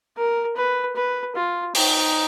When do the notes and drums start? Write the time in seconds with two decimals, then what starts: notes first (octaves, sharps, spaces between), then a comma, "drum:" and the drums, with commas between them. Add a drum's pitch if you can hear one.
0.17 A#4
0.57 B4
0.96 B4
1.36 F4
1.75 D#4, drum: open hi-hat